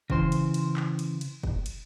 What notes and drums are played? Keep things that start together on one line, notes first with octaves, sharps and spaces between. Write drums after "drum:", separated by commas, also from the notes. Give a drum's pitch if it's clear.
C#3 E3 C5 C6, drum: kick
drum: cymbal
drum: cymbal
drum: clap
drum: cymbal
drum: cymbal
drum: kick
drum: cymbal